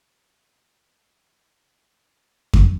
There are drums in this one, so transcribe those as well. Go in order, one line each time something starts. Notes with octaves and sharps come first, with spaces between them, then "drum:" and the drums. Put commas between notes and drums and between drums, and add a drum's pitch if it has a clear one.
A4 A#4 D5
D#3
drum: kick F2